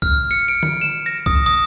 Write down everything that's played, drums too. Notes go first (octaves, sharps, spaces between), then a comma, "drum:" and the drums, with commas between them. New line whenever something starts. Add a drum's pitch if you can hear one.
F6, drum: kick C#2
C#7
D7
drum: tom D3
E7
A#6
D#6, drum: kick C#2
D#6